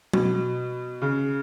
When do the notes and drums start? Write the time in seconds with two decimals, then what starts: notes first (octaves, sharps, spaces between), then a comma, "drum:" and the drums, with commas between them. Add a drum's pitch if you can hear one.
0.13 B2, drum: tom F#3
1.02 C#3